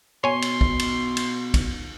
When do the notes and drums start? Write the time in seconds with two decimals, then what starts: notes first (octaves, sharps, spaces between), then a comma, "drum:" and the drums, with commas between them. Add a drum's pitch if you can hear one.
0.24 B2 C#5 G#5 C6
0.42 drum: cymbal
0.61 drum: kick
0.80 drum: cymbal
1.17 drum: cymbal
1.54 drum: kick, cymbal